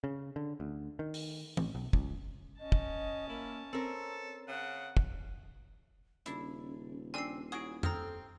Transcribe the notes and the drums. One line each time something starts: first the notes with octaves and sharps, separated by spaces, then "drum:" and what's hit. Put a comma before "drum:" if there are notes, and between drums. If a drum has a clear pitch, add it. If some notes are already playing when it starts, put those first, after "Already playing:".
C#3
D3
D2
D#3
drum: open hi-hat
A1, drum: tom
B1
C#2, drum: kick
C#4 D#5 A5
drum: kick
A#3 E4
C4 A4 A#4 C#5
C#3 F#5
drum: kick
D#1 C#3 D4 E4, drum: hi-hat
C4 D4 G#5 E6 C7
F#3 E4 F#4 G#4 D#6 D7
C3 C4 A4 A#5 D#6 F6, drum: tom F2